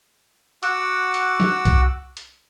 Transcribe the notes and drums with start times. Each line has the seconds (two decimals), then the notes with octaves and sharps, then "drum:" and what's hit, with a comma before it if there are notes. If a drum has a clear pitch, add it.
0.63 F#4 F#5 D6 E6, drum: hi-hat
1.14 drum: hi-hat
1.40 drum: snare
1.65 drum: kick B1, hi-hat
2.17 drum: hi-hat